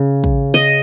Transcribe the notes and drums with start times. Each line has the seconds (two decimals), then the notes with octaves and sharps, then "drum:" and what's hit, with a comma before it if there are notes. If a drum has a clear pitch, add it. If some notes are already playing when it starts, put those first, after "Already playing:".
Already playing: C#3
0.24 drum: kick
0.54 D#5